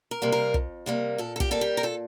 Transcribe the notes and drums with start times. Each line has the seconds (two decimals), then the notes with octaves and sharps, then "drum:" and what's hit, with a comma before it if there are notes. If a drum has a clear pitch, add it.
0.11 A#4
0.22 C3 G3 A#3
0.32 A#4
0.54 F2, drum: kick
0.86 C3 G3 A#3
1.18 A#2 A4
1.36 A4
1.40 G4, drum: kick
1.51 G3 A#3 A4
1.61 G4
1.77 A#4
1.83 A#2 A4